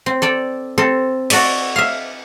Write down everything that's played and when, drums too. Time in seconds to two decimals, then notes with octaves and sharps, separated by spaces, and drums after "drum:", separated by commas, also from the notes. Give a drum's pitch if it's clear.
0.06 C4
0.22 A4 D5 G5
0.78 C4 A4
1.30 F#4 A4 D5 E5, drum: cymbal
1.76 E5 F5